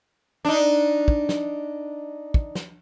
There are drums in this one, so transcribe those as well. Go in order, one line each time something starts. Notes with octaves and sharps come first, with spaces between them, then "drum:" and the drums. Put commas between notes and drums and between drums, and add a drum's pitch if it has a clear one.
D4 D#4
drum: kick
drum: snare
drum: kick
drum: snare